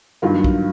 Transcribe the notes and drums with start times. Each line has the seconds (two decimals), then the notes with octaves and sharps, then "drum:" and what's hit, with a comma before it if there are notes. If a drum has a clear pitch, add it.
0.22 G2 D#3 F#3 A#3 F4
0.44 drum: kick